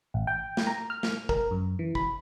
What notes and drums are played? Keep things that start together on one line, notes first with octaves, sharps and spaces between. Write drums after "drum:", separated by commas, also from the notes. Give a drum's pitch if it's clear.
A1
G5
drum: snare
A#5
F6
drum: snare
A#4, drum: kick
F#2
E3
B5, drum: kick